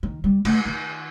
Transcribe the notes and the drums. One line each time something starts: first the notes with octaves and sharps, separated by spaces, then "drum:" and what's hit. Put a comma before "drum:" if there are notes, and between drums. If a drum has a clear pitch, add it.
D#3
G3
A3, drum: cymbal
D#3